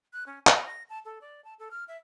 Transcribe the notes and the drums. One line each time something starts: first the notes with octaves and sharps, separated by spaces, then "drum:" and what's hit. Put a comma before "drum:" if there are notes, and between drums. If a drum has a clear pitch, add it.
F#6
C#4
D#5, drum: clap
A#6
A5
A4
D5
A5
A4
F6
E5